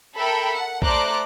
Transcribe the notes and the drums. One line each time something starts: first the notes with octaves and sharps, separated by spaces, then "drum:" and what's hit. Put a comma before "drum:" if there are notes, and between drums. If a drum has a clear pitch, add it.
A4 A#4 E5 G5 B5
F#5
A3 C5 D5 A#5 D6 F#6, drum: kick A#1